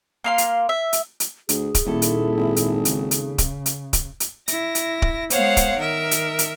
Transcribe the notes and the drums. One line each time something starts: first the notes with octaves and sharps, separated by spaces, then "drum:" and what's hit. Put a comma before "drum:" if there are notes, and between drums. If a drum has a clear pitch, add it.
A#3 F5 C6
drum: hi-hat
E5
drum: hi-hat
drum: hi-hat
D2 G#4, drum: hi-hat
drum: kick D1, hi-hat
D#1 D#2 A#2 E4 A4
drum: hi-hat
G#1
drum: hi-hat
C#3, drum: hi-hat
drum: hi-hat
drum: kick D1, hi-hat
drum: hi-hat
drum: kick D1, hi-hat
drum: hi-hat
E4 A#6, drum: hi-hat
drum: hi-hat
drum: kick D1
G#3 B3 C5 C#5 F5 F#5, drum: hi-hat
drum: kick D1, hi-hat
D#3 A#4 E5
drum: hi-hat
drum: hi-hat